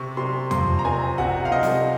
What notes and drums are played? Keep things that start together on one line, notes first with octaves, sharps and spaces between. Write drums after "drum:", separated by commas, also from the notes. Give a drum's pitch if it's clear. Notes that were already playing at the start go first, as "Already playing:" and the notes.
Already playing: C3 C#6
C3 C6
F3 C6, drum: tom E2
A#5
C4 G#5
C3 F#5, drum: kick
F5
C3 D#5
drum: snare